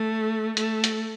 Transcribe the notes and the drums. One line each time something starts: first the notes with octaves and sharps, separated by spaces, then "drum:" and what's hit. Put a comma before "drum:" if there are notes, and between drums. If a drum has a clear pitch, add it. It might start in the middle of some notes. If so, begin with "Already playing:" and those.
Already playing: A3
A3, drum: hi-hat
drum: hi-hat